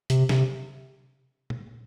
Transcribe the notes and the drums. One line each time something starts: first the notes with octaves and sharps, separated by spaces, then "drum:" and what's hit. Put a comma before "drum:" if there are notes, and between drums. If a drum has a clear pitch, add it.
C3, drum: hi-hat
C3, drum: snare
drum: tom A#2